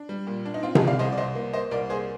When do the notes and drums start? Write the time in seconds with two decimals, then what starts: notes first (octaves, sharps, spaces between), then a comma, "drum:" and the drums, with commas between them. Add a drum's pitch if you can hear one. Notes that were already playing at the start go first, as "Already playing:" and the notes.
Already playing: D4
0.09 G3
0.27 A#2
0.45 D4
0.54 D#4
0.63 C4 F4
0.75 F4 G#4, drum: tom C3
0.81 C2
0.87 D5 F5
0.99 C2 C5 D#5
1.12 D5
1.17 C2 C5 D#5
1.35 A#3
1.53 A#3 C5 D#5
1.71 C2 A#4 D5
1.90 A#3 G#4 C5